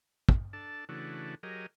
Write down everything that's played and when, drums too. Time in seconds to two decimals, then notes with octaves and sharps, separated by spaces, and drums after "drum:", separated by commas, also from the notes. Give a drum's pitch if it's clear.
0.29 drum: kick
0.53 D4 A4 A5
0.89 C#3 E3 A3 D4 F#4
1.43 F#3 G4 G#4 A#4 D#5